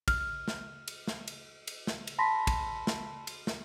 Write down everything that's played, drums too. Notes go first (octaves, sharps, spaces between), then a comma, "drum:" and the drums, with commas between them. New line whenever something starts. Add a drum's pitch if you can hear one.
F6, drum: kick, cymbal
drum: snare
drum: cymbal
drum: snare
drum: cymbal
drum: cymbal
drum: snare
drum: cymbal
A5 B5 C6 A#6 B6
drum: kick, cymbal
drum: snare
drum: cymbal
drum: snare